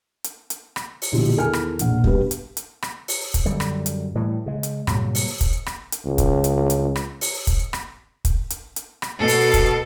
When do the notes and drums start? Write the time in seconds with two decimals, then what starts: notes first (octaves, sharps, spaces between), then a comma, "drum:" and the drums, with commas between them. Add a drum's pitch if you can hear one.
0.24 drum: hi-hat
0.50 drum: hi-hat
0.76 drum: rim click
1.02 drum: open hi-hat
1.12 A#1 B2 D3 E3 F4 G4
1.36 E2 D#3 A4 A#4 G#5 F6
1.53 drum: rim click
1.79 E1 A#1 F#5, drum: hi-hat
2.04 G2 B2 G4 B4, drum: kick
2.31 drum: hi-hat
2.57 drum: hi-hat
2.82 drum: rim click
3.08 drum: open hi-hat
3.34 drum: kick, hi-hat
3.46 F#2 D3 G3
3.60 drum: rim click
3.86 drum: hi-hat
4.15 A2 E3 G3
4.46 C#3 G#3
4.63 drum: hi-hat
4.87 G2 A#2 C#3 F#3, drum: rim click
5.15 drum: open hi-hat
5.41 drum: kick, hi-hat
5.66 drum: rim click
5.92 drum: hi-hat
6.06 C#2
6.18 drum: kick, hi-hat
6.44 drum: hi-hat
6.70 drum: hi-hat
6.96 drum: rim click
7.21 drum: open hi-hat
7.47 drum: kick, hi-hat
7.73 drum: rim click
8.25 drum: kick, hi-hat
8.50 drum: hi-hat
8.76 drum: hi-hat
9.02 drum: rim click
9.19 B2 A4
9.28 drum: open hi-hat
9.54 drum: kick, hi-hat